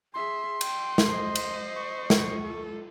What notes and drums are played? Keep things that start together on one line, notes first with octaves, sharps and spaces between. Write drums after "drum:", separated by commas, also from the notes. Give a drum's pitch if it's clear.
G#4 E5 C6
G5, drum: cymbal
drum: snare
C5 D#5
drum: cymbal
C#6
drum: snare
F4 A4